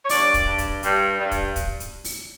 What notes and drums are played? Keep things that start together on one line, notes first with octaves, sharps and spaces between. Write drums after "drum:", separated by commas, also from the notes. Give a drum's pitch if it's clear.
C#5
G2 D5, drum: open hi-hat
drum: kick, hi-hat
G2
drum: kick, hi-hat
G2, drum: hi-hat
G2
drum: kick, hi-hat
drum: kick, hi-hat
drum: hi-hat
drum: open hi-hat